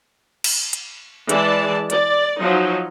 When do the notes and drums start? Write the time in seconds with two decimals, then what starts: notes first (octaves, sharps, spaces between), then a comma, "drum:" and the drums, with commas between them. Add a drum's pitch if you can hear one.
0.44 drum: cymbal
0.73 drum: hi-hat
1.29 E3 G#3 D5 A5, drum: hi-hat
1.90 D5, drum: hi-hat
2.40 F3 F#3 D#4